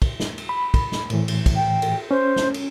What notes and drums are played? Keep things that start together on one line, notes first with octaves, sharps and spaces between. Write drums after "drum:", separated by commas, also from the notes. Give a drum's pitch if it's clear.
drum: kick, cymbal
drum: snare
drum: cymbal
B5
drum: kick, cymbal
drum: snare
A2 E3, drum: cymbal
drum: cymbal
drum: kick, cymbal
G5
drum: cymbal
C#4 C5
drum: snare
drum: cymbal